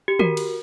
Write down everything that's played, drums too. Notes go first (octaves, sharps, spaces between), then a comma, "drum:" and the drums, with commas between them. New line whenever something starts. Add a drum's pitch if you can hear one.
G4
F#4 A#4, drum: tom D#3
drum: cymbal